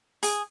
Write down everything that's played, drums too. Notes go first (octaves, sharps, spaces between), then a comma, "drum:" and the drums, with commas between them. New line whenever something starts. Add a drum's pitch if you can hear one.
G#4, drum: open hi-hat